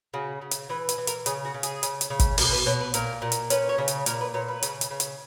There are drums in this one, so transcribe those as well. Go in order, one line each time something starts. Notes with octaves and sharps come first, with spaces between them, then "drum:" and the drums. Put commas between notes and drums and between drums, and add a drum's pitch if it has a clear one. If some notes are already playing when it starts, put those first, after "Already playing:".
C#3 F#4
C#3
drum: hi-hat
E3 B4
B4, drum: hi-hat
E3
A#4, drum: hi-hat
C#3 G#4, drum: hi-hat
F#4
C#3
G#4, drum: hi-hat
C#3, drum: hi-hat
drum: hi-hat
C#3
drum: kick, hi-hat
B2 A#4, drum: open hi-hat
B4
B2 C#5
B4
A#2 A#4, drum: hi-hat
A#2
drum: hi-hat
C#4 B4, drum: hi-hat
C#5
C#3
drum: hi-hat
A#2 A#4, drum: hi-hat
B4
A#2 C#5
B4
C#3, drum: hi-hat
drum: hi-hat
C#3
drum: hi-hat